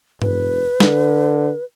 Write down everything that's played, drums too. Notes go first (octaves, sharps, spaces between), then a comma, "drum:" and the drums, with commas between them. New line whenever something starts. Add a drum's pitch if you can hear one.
F1 B4, drum: tom G2
D3, drum: snare